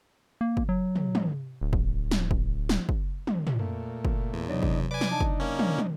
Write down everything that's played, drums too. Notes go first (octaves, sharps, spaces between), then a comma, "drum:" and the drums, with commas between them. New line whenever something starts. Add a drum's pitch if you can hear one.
A#3
drum: kick
F#3
drum: tom
drum: tom
D1
drum: kick
drum: snare
drum: kick
drum: snare
drum: kick
drum: tom
drum: tom
A#2 A3
drum: kick
E2
C3 F#3 D4 D#4 C#5
drum: kick
B4 D5 G#5 D6
drum: snare
D4 D#4 A5
drum: kick
A#3 C#4
drum: tom
drum: tom